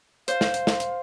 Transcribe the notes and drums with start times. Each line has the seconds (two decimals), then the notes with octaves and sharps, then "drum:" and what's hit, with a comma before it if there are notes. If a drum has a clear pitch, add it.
0.28 C5 F5, drum: hi-hat
0.41 drum: snare
0.54 drum: hi-hat
0.67 drum: snare
0.80 drum: hi-hat